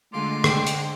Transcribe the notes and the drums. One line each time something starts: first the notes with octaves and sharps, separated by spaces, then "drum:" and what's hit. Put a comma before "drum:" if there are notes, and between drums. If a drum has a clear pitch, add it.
D3 G#3 A3 F4 C6 D6
C5 G5, drum: rim click
drum: hi-hat